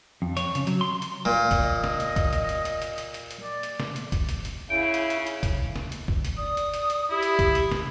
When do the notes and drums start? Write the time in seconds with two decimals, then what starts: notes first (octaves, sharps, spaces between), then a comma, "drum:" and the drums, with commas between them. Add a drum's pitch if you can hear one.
0.22 F2
0.37 C#5, drum: hi-hat
0.55 C#3, drum: hi-hat
0.67 F#3, drum: hi-hat
0.81 C6
1.02 drum: hi-hat
1.25 A#2
1.51 drum: kick, hi-hat
1.62 D#5
1.84 drum: snare
2.00 drum: hi-hat
2.16 drum: kick, hi-hat
2.33 drum: hi-hat
2.49 drum: hi-hat
2.65 drum: hi-hat
2.82 drum: hi-hat
2.98 drum: hi-hat
3.14 drum: hi-hat
3.31 drum: hi-hat
3.43 D5
3.63 drum: hi-hat
3.80 drum: snare
3.96 drum: hi-hat
4.12 drum: kick, hi-hat
4.29 drum: hi-hat
4.45 drum: hi-hat
4.70 C#3 E4 G5
4.94 drum: hi-hat
5.10 drum: hi-hat
5.27 drum: hi-hat
5.43 drum: kick, hi-hat
5.76 drum: snare
5.92 drum: hi-hat
6.08 drum: kick
6.25 drum: hi-hat
6.37 D5 D#6
6.57 drum: hi-hat
6.74 drum: hi-hat
6.90 drum: hi-hat
7.11 E4 G4
7.23 drum: hi-hat
7.39 drum: kick, hi-hat
7.55 drum: hi-hat
7.72 drum: snare